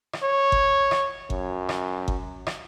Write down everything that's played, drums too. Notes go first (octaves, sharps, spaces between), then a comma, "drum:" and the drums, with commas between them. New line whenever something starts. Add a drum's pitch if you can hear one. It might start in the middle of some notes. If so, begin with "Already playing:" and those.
drum: rim click
C#5
drum: kick G1
drum: rim click
F#2, drum: kick G1
drum: rim click
drum: kick G1
drum: rim click